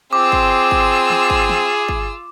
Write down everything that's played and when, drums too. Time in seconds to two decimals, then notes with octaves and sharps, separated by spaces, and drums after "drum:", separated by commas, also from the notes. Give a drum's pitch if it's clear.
0.13 C4 F4 G#4 D6 E6
0.32 drum: kick
0.71 drum: kick
1.10 drum: snare
1.30 drum: kick
1.49 drum: snare
1.89 drum: kick